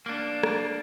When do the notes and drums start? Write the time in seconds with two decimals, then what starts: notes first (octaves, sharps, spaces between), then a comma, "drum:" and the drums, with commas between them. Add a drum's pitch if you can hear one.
0.06 A#3 D4
0.43 drum: rim click